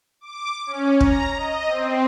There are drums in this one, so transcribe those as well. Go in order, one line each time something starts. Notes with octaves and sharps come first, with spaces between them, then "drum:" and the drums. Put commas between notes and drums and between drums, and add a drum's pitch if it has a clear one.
D6
C#4
A#5, drum: kick
D#5
C4